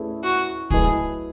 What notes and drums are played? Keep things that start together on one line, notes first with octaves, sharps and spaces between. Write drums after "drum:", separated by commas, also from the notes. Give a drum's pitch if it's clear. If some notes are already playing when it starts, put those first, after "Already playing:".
Already playing: A3 C#4 E4 G#4 B4
F#4
F#3 A3 E4 G#4 B4 D#5, drum: kick